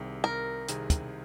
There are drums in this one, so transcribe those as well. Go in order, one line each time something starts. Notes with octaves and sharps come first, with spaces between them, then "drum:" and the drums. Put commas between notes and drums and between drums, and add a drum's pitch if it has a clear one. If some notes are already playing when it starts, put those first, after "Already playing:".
Already playing: C2 C3 D#3 C4 G#4
A#4
C2 C3 D#3 C4 G#4, drum: hi-hat
drum: kick, hi-hat